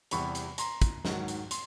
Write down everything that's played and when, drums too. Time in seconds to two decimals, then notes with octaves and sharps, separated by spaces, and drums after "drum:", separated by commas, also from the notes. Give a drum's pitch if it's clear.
0.11 E2 C3 E3 G3 B5 C#6, drum: hi-hat
0.35 drum: hi-hat
0.58 A#5 C6, drum: hi-hat
0.82 drum: kick, hi-hat
1.05 G#2 D#3 F#3, drum: snare
1.28 drum: hi-hat
1.51 C6, drum: hi-hat